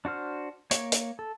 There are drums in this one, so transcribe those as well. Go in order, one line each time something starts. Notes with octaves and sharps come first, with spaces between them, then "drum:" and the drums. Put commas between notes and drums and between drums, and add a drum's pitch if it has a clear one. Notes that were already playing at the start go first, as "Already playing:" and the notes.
D4 F#4 C5 F6
A#3 C#5 C#6, drum: hi-hat
drum: hi-hat
A4